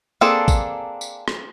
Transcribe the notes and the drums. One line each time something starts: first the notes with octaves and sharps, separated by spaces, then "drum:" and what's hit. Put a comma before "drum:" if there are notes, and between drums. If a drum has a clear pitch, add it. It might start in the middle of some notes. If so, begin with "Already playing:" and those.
A#3 C4 D4 G#4 A4
drum: kick A1, tambourine
drum: tambourine
drum: rim click